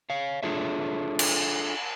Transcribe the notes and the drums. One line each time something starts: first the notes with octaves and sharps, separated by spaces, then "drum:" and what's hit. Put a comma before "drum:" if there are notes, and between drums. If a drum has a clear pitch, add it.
C#5 F5
D4 F4 G#4 A4 C#5 E5
drum: cymbal